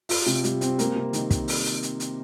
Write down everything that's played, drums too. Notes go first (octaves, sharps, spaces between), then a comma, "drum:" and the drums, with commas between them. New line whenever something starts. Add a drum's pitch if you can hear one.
F4, drum: open hi-hat
C3, drum: hi-hat
G3, drum: hi-hat
C4, drum: hi-hat
A#3, drum: hi-hat
C3
D#3, drum: hi-hat
drum: kick, hi-hat
drum: open hi-hat
drum: hi-hat
drum: hi-hat
drum: hi-hat